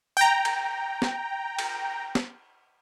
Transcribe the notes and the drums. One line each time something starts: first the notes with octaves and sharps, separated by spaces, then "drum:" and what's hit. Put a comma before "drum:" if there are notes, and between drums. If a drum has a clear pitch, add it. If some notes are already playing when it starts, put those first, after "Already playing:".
G5 A#5
drum: cymbal
drum: snare
drum: cymbal
drum: snare